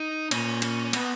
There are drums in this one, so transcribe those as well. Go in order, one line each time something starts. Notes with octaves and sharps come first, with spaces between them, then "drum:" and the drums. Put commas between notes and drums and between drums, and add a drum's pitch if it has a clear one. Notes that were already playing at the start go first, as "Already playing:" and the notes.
Already playing: D#4
A#2 C#4, drum: cymbal
C#4, drum: cymbal
B3, drum: cymbal